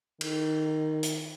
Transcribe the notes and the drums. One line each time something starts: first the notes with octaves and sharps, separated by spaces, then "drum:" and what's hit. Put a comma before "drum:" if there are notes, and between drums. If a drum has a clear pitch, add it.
D#3, drum: cymbal
drum: hi-hat